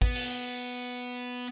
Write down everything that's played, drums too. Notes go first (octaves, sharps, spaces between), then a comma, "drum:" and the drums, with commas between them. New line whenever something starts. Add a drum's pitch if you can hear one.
B3, drum: kick
drum: open hi-hat